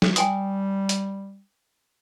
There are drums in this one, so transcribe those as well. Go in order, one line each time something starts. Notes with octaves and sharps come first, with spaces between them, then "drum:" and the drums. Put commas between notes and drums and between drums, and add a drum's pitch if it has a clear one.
drum: snare F#3
G3 G5 G#5 D#6, drum: hi-hat
drum: hi-hat